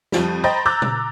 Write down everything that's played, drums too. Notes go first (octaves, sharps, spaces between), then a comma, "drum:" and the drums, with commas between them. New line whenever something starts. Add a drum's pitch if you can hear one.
F2 F3 G3, drum: snare
C5 D#5 G5 A#5 B5 A6
A#5 D6 E6 F#6 G6 A6
drum: tom A#2